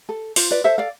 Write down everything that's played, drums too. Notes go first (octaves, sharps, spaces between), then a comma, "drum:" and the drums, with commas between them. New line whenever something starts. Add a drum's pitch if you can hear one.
A4
F4 C5, drum: open hi-hat
B4 D5
A4 C5 E5
D5 F5